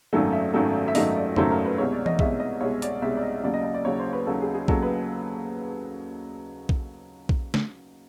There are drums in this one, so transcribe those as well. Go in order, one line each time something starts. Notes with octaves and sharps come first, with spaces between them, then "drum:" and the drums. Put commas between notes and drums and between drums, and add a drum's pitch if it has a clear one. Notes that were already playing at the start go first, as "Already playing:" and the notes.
G#1 F#2 D#3 F#3 A3
E5
G#1 F#2 D#3 F#3 A3
E5
G#1 F#2 D#3 F#3 A3 D#5, drum: open hi-hat
D5
G#1 F#2 D#3 F#3 A3 C5, drum: tom F2
A#4
B4
C2 B2 G#3 C#5
D5
D#5, drum: tom E3
C2 B2 G#3 E5, drum: kick A#1
D#5
C2 B2 G#3 C#5
D5, drum: hi-hat
C2 B2 G#3 E5
D5
D#5
D#2 C#3 F#3 D5
D#5
D#5
D5
D#2 C#3 F#3 C#5
C5
B4
D#2 C#3 F#3 A4
G#4
G#4
D#2 C#3 F#3 A4, drum: kick A#1
B4
drum: kick A#1
drum: kick A#1
drum: snare